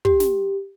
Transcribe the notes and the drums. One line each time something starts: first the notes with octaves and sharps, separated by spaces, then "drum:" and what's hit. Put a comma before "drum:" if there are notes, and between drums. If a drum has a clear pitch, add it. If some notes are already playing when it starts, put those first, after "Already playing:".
G4, drum: kick
drum: snare